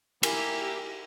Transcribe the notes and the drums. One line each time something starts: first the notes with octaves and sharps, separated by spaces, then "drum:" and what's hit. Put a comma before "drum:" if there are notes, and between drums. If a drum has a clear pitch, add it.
A#3 E4 G4 A#4 G#5 C7, drum: cymbal